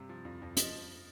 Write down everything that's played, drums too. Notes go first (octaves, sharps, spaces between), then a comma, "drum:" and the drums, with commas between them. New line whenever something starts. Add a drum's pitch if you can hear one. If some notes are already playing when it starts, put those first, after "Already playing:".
Already playing: G2 C3
F3
F2
F2
F3 D#5, drum: hi-hat